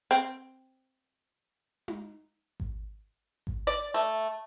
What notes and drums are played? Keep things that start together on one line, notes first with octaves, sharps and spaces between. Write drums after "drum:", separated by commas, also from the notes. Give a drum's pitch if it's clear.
C4
drum: tom D#4
drum: kick G#1
drum: kick G#1
D5
A3